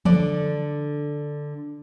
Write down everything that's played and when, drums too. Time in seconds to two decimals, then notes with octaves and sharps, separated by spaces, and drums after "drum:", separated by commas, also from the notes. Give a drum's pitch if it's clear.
0.05 D3 D4 A4 D5, drum: tom E3